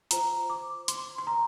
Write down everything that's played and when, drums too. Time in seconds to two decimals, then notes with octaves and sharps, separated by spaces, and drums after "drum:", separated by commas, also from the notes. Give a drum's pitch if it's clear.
0.11 F4 C5 A#5, drum: hi-hat
0.50 D6
0.88 C6, drum: hi-hat
1.18 C6
1.27 A#5